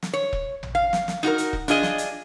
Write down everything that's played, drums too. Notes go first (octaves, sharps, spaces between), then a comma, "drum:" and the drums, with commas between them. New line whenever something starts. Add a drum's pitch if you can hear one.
drum: snare
C#5
drum: kick E1
drum: tom
F5
drum: snare
drum: snare
D#4 F#4 G#4 A#4
drum: hi-hat
drum: kick E1
D4 F4 G#4 D#5, drum: hi-hat
drum: snare
drum: hi-hat